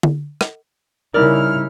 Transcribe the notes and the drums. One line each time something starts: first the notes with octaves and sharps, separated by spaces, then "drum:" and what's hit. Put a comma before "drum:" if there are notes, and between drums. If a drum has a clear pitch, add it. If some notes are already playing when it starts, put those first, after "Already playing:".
drum: tom D3
drum: rim click
C#3 G3 D#4 E4 A#4 D5 F6